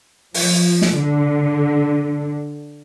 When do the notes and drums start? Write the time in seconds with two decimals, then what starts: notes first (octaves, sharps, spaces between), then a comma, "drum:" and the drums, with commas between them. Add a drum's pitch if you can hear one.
0.34 F3, drum: open hi-hat
0.82 drum: snare
0.96 D3